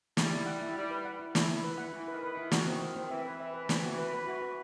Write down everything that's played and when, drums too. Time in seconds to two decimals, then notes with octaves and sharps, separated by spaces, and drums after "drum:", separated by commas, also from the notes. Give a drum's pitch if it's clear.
0.17 G3 E4, drum: snare
0.32 E4
0.46 F#5
0.61 E4
0.76 G3 E4
0.91 B4
1.05 F#5
1.20 E4
1.35 E4, drum: snare
1.49 E4
1.64 B4
1.78 F#5
1.93 E3 E4
2.08 D#3 B4
2.23 B4
2.33 D#3 E4
2.51 F#4, drum: snare
2.66 C4
2.81 C4
2.96 C4
3.11 E3 E5
3.26 B4
3.40 E5
3.54 B4
3.69 C4, drum: snare
3.84 F#4
3.98 B4
4.13 B4
4.27 E3 F#4
4.42 B4